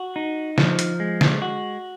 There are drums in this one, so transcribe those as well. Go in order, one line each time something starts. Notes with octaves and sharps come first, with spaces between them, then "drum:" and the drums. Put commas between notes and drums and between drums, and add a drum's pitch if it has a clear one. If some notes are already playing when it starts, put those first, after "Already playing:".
Already playing: F#4
D#4
F3, drum: snare
drum: hi-hat
G#3
drum: snare
F#4